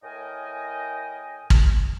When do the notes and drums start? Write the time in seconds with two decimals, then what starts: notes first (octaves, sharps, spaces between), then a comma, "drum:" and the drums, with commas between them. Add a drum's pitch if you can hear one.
0.03 A2 A#4 D#5 G5 G#5
1.50 drum: kick